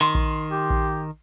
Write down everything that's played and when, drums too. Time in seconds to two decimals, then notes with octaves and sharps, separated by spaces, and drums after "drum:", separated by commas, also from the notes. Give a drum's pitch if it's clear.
0.01 D#3 C6
0.15 drum: kick A#1
0.51 G4
0.70 drum: kick A#1